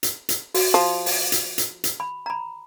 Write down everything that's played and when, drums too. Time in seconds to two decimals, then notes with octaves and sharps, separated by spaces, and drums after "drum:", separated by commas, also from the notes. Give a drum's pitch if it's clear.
0.03 drum: hi-hat
0.29 drum: hi-hat
0.54 F#4, drum: open hi-hat
0.74 F3
1.06 drum: open hi-hat
1.32 drum: hi-hat
1.58 drum: hi-hat
1.84 drum: hi-hat
2.00 B5
2.26 A#5 B5